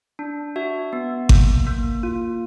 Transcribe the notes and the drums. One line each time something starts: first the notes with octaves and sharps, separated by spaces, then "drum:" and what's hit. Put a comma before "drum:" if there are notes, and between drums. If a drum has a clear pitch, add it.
D4
F#4 E5
B3
A#3, drum: kick G#1
A#3
F4